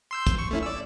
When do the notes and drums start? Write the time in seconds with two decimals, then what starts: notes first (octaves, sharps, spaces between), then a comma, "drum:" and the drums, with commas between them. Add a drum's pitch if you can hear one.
0.11 C6 E6 G6
0.27 drum: kick, hi-hat
0.38 C#6
0.51 A3 C#4 E4
0.63 D5 E6